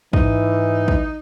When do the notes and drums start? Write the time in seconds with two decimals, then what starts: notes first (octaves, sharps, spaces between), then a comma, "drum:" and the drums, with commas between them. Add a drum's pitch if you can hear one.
0.13 G#2 E3 D#4, drum: kick
0.88 drum: kick